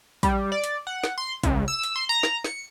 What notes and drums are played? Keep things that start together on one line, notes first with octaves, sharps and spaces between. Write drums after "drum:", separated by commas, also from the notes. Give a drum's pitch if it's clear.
G3, drum: kick, hi-hat
D5
drum: hi-hat
F#5
drum: snare
C6
C#2, drum: kick, hi-hat
E6
drum: hi-hat
C6
A#5
drum: snare
C#7, drum: snare